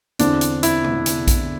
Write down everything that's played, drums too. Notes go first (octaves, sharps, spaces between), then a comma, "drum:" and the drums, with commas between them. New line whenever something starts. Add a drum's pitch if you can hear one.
E2 D3 C4 D4, drum: hi-hat
drum: hi-hat
E4, drum: hi-hat
drum: tom C3
drum: hi-hat
drum: kick A#1, hi-hat